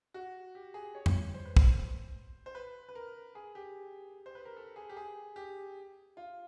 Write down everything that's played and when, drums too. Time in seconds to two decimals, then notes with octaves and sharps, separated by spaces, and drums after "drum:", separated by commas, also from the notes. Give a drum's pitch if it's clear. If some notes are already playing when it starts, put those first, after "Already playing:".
0.14 F#4
0.55 G4
0.74 G#4
0.95 C#5
1.06 drum: tom F2
1.34 C5
1.45 B4
1.57 C5, drum: kick
2.46 C5
2.55 B4
2.89 B4
2.95 A#4
3.35 G#4
3.55 G4
4.26 C5
4.35 B4
4.45 A#4
4.57 A4
4.76 G#4
4.89 G4
4.97 G#4
5.36 G4
6.17 F4